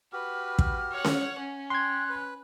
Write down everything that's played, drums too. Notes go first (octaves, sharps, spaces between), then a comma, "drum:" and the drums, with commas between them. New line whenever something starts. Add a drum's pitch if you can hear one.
F#4 G4 B4 F6
drum: kick
C#5 F#5
drum: snare C#4
C#4
G5 C6 F#6 G#6
B4